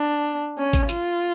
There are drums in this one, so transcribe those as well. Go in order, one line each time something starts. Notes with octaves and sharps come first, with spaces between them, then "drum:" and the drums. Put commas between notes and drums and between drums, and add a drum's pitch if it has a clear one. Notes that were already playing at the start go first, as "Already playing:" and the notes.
Already playing: D4
C#4
drum: kick, hi-hat
F4, drum: hi-hat